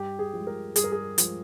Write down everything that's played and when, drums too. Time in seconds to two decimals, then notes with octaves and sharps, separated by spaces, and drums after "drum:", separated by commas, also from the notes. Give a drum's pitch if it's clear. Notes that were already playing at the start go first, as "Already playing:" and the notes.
Already playing: G2 G4
0.19 G#4
0.33 F3 G#3
0.47 A#4
0.76 G2 G#4, drum: hi-hat
0.84 A#4
0.92 G#4
1.18 F3 G#3, drum: hi-hat